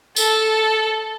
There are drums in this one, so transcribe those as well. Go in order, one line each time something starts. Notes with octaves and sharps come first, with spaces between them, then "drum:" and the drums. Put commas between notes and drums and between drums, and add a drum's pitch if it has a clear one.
A4, drum: tambourine